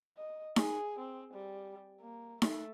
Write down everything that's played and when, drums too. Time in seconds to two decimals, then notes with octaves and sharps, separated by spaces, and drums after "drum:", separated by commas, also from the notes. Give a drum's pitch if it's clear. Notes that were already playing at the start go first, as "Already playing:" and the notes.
0.17 D#5
0.56 G#4, drum: snare D#4
0.99 C4
1.33 G3
2.00 A#3
2.42 A3, drum: snare D#4